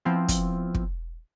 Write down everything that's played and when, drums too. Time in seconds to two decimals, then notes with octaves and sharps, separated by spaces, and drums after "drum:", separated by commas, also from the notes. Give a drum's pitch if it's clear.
0.05 F3 B3 C4 E4 F4
0.28 drum: kick, hi-hat
0.74 drum: kick